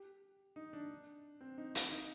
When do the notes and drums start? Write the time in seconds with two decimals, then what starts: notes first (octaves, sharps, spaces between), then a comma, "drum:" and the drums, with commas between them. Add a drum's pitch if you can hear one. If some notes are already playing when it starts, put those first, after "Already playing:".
Already playing: G4
0.56 D#4
0.73 D4
1.41 C4
1.58 D#4
1.75 D#4, drum: hi-hat
1.92 D#4